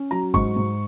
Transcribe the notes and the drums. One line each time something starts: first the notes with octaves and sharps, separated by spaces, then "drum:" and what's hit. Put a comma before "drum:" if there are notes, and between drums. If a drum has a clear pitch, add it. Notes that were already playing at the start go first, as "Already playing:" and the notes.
Already playing: C#4
F#3 A#5
G#2 C#6, drum: kick
G#2